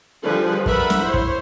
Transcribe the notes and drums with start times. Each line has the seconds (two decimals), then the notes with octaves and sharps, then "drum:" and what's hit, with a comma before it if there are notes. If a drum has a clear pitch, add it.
0.23 D3 F3 G3 G#4 B4
0.66 A#4 B4 D5 E5 F#5 B5, drum: kick
0.90 drum: snare
1.02 E4 C5 C#5
1.14 drum: kick